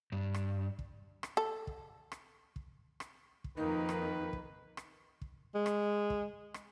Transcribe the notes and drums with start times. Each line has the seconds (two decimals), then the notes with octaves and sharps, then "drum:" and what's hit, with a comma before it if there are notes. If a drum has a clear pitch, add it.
0.12 G2
0.34 drum: rim click
0.79 drum: kick
1.23 drum: rim click
1.37 A4
1.67 drum: kick
2.12 drum: rim click
2.56 drum: kick
3.00 drum: rim click
3.44 drum: kick
3.57 F2 D#3 A#3 D#4 B4
3.89 drum: rim click
4.33 drum: kick
4.77 drum: rim click
5.21 drum: kick
5.55 G#3
5.66 drum: rim click
6.10 drum: kick
6.54 drum: rim click